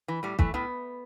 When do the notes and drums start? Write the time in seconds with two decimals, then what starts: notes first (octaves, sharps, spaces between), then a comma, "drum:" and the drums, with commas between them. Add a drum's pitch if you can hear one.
0.08 E3
0.23 A2 G3
0.39 E3 A3, drum: kick
0.54 A2 B3